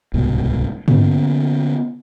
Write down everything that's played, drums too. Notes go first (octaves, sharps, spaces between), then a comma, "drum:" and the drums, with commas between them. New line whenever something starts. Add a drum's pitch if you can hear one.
D1 C2 G#2 B2
D3 A#3 B3 C#4, drum: tom